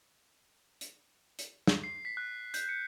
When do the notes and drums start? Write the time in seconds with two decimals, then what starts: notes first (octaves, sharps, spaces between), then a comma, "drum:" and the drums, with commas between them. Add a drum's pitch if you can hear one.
0.81 drum: hi-hat
1.39 drum: hi-hat
1.67 drum: snare
1.84 C7
2.05 B6
2.17 F#6
2.54 G6, drum: hi-hat
2.69 C#7